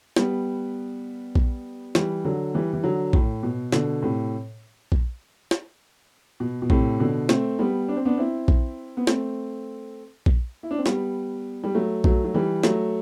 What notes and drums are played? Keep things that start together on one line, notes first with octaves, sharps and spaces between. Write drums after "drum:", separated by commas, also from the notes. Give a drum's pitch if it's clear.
G3 B3, drum: snare
drum: kick A#1
E3 G3, drum: snare
D3 F#3
E3 G3
E3
D3 F#3
A2, drum: kick A#1
B2
B2 D3, drum: snare
A2 C3
drum: kick A#1
drum: snare
B2
B2
A2 C3, drum: kick A#1
B2 D3
A3 C4, drum: snare
G3 B3
D4
C4
B3 D4
C4 E4
drum: kick A#1
B3
A3 C4, drum: snare
drum: kick A#1
E4
D4
C4
G3 B3, drum: snare
G3
F#3 A3
F#3 A3, drum: kick A#1
F#3
E3 G3
F#3 A3, drum: snare